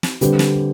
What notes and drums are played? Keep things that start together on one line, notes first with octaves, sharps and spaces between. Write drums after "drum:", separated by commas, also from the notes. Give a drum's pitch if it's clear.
drum: snare
D3 G3 C4 G4 B4, drum: hi-hat
drum: snare